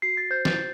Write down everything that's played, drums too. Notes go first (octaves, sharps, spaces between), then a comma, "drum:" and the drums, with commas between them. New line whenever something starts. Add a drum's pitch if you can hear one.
F#4 C7
A6
C5 G6
A6, drum: snare